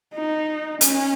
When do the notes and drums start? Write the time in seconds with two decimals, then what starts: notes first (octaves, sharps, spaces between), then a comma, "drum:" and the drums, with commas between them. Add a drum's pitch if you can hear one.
0.14 D#4
0.81 C#4, drum: hi-hat